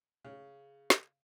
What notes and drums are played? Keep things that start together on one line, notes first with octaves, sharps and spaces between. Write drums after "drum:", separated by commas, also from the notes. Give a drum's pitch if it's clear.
C#3
drum: snare